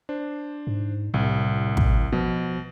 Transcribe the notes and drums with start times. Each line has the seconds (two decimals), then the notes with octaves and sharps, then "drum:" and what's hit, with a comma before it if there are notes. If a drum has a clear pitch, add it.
0.09 D4 C5
0.67 G#2
1.14 C2 A2
1.77 drum: kick
2.12 B2 F3